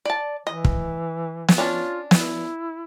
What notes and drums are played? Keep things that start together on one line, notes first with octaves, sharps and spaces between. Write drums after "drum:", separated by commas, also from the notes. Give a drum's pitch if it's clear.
D5 A5
E3 D#5
drum: kick
drum: snare
C#4 D4 F4 C#5
E4, drum: snare